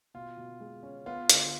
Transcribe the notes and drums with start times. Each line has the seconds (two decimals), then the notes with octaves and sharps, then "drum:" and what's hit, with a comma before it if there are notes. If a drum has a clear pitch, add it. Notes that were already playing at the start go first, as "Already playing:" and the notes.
0.14 B2 F4
0.37 B2
0.60 G#3
0.83 C#4
1.06 B3 F4
1.29 D2, drum: hi-hat